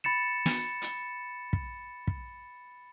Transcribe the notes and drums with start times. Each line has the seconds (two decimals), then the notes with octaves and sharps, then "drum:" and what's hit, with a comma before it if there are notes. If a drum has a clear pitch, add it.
0.04 B5 A6 C#7 E7
0.46 drum: snare
0.82 drum: hi-hat
1.53 drum: kick
2.07 drum: kick